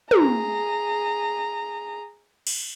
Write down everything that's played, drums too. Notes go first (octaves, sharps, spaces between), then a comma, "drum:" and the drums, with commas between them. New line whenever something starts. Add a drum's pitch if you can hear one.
G#4 A#5, drum: tom
drum: cymbal